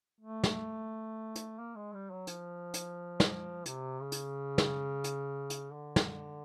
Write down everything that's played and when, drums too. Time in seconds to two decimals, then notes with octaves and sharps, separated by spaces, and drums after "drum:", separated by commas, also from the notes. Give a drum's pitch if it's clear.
0.20 A3
0.44 drum: snare
1.36 drum: hi-hat
1.59 A#3
1.76 G#3
1.93 G3
2.11 F#3
2.27 F3, drum: hi-hat
2.74 drum: hi-hat
3.20 drum: snare
3.66 C3, drum: hi-hat
4.01 C#3
4.12 drum: hi-hat
4.58 drum: snare
5.04 drum: hi-hat
5.50 drum: hi-hat
5.73 D3
5.96 drum: snare